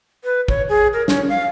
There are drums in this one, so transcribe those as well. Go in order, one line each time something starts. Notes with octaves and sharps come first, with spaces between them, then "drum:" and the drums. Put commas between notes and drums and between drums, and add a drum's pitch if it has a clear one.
B4
C#5, drum: kick
G#4
A#4
C#4, drum: snare
F5